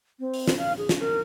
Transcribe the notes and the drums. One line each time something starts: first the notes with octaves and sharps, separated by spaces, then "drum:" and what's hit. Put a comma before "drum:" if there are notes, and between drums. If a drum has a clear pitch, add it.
C4
drum: open hi-hat
drum: snare
F5
G#4
drum: snare
A#4